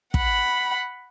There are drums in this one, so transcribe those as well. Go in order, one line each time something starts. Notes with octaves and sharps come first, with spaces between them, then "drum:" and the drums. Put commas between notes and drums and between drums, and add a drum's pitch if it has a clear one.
F#5 B5, drum: kick